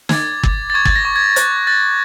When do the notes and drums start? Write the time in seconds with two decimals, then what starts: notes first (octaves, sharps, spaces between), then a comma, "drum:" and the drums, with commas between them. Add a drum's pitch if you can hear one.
0.09 G#6, drum: snare
0.13 D6 A6
0.43 D6, drum: kick
0.70 A6
0.74 C#6 G#6
0.85 A6, drum: kick
0.96 A#6
1.05 C#6
1.16 G#6
1.36 F#6, drum: hi-hat
1.67 F#6 A6